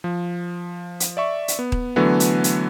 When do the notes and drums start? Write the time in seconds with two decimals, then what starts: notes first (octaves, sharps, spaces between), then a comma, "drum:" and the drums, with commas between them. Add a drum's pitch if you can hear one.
0.04 F3
1.00 drum: hi-hat
1.17 D5 E5 C#6
1.48 drum: hi-hat
1.59 B3
1.72 drum: kick D#1
1.96 D3 E3 F#3 A3 B3
2.20 drum: hi-hat
2.44 drum: hi-hat